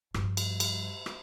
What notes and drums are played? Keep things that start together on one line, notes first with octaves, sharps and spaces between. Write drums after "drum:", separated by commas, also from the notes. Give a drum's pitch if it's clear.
G2 F3, drum: rim click
drum: cymbal
drum: cymbal
drum: rim click